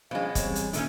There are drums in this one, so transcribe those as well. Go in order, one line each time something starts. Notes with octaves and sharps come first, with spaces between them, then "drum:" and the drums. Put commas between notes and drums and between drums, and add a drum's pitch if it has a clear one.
B2 F3 G#3 C#4 D4 F5
E3 G3 C4 C#5, drum: kick, hi-hat
drum: hi-hat
E2 A#2 D3 D#3 A3 C#4, drum: hi-hat